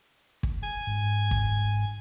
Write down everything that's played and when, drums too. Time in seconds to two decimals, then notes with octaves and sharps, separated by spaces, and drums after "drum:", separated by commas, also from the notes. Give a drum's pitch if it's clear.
0.43 drum: kick
0.63 G#5
0.87 G#2
1.31 drum: kick